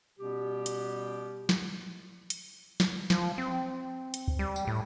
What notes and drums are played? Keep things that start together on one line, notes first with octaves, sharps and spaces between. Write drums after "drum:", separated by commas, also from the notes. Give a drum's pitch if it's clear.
B2 G3 B3 C#4 G4
drum: hi-hat
drum: snare
drum: hi-hat
drum: snare
F3, drum: snare
C4
drum: hi-hat
drum: kick
G3
drum: tambourine
A2